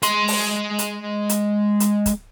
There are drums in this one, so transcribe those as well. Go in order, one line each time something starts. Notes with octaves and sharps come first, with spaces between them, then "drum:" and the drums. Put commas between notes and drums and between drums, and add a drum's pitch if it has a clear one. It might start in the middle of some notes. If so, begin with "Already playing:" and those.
G#3 C6, drum: hi-hat
drum: open hi-hat
drum: hi-hat
drum: hi-hat
drum: hi-hat
drum: kick, hi-hat